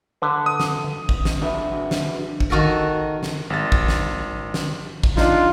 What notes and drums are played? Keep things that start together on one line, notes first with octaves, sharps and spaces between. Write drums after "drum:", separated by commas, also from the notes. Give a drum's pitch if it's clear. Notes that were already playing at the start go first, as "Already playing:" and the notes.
D3 B4
D#6
drum: snare
drum: kick G#1
drum: snare
D4 F#4 B4 E5
drum: snare
drum: kick G#1
D#3 F#4 A4 A#4
drum: snare
G#1 A6
drum: kick G#1
drum: snare
drum: snare
drum: kick G#1
D4 D#4 F4, drum: snare